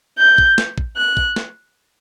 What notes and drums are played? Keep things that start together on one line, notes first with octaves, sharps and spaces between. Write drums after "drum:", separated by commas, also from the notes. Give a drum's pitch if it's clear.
G6
drum: kick
drum: snare
drum: kick
F#6
drum: kick
drum: snare